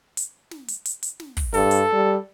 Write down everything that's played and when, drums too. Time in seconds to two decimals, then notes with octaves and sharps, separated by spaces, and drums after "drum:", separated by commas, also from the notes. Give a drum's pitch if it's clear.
0.17 drum: hi-hat
0.51 drum: snare
0.68 drum: hi-hat
0.85 drum: hi-hat
1.03 drum: hi-hat
1.20 drum: snare
1.37 drum: kick, open hi-hat
1.54 G2 A4, drum: open hi-hat
1.71 drum: hi-hat
1.93 G3